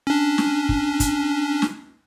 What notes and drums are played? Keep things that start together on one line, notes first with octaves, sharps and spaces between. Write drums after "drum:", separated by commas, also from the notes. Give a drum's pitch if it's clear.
C#4 D4
drum: snare
drum: kick
drum: kick, hi-hat
drum: snare